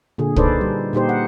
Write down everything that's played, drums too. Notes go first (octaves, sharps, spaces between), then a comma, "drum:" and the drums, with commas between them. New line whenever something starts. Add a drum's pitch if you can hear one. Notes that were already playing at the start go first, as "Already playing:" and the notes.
A#2 D3 G#4
D#4 A4 B4 C5 D5, drum: kick
G3
A#2 D#4 G4 C5
F#5